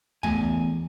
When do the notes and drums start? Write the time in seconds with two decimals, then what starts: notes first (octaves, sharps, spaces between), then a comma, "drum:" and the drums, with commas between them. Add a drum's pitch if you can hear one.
0.23 E2 D#3 A3 G#5, drum: kick